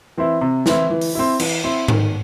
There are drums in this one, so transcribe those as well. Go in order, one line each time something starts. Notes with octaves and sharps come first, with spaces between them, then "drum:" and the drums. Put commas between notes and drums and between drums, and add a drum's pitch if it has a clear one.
E3 C4 E4
C3
E3 C4 E4, drum: snare
E3
drum: open hi-hat
C4 E4
E3, drum: cymbal
C4 E4
D#3, drum: tom G#2